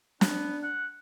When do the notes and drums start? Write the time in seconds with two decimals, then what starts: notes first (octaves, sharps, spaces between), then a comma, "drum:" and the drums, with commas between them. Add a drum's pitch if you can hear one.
0.21 B3 D4, drum: snare
0.63 F#5